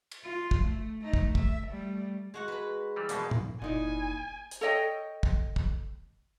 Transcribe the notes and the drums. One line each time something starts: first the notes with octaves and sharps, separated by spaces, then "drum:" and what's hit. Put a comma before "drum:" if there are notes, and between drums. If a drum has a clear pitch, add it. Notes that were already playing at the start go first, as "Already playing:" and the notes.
drum: cymbal
F4
drum: kick
A3
A3 D#4
drum: kick
E5, drum: kick
G3 A3
G#3 F#4 F#5
B4 B5
E3 F#3 G3
E2 B2 G#3 A#3 E5, drum: hi-hat
drum: tom
F#1 A#2 D#4 E4 G#5
drum: hi-hat
A4 C#5 D#5 G5
drum: kick
drum: kick